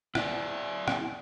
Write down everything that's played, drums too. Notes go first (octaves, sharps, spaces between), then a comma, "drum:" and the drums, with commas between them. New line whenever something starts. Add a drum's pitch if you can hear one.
E4 D5, drum: rim click
drum: rim click